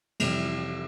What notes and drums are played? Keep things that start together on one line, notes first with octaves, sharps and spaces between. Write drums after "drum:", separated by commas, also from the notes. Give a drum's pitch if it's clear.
F2 C3 E3 G3, drum: cymbal